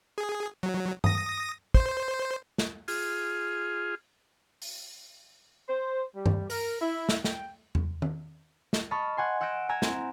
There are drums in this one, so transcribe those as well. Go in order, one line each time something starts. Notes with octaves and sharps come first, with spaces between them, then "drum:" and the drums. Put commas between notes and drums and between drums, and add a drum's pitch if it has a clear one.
G#4
F#3
D#6 A#6, drum: tom G2
C5, drum: kick
drum: snare
F4 G#4, drum: open hi-hat
drum: open hi-hat
C5
G3
drum: tom G2
A#4, drum: open hi-hat
E4
drum: snare
G5, drum: snare
drum: tom E2
drum: tom D#3
drum: snare
D#5 A5 B5 C#6 F6 A6
F#5 G#5 C6
F#5 E6 G6 A#6 D7 D#7
G#5 A#5 E6 G#6
C4 E4, drum: snare